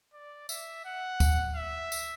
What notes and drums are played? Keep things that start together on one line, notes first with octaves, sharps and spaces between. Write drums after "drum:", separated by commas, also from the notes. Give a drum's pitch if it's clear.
D5
E5, drum: tambourine
F#5
drum: kick D2, tambourine
E5
drum: tambourine